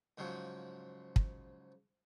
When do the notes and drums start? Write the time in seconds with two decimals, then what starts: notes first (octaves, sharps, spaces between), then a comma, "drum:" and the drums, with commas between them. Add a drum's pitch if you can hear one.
0.18 G#2 C#3 F3 F#3
1.16 drum: kick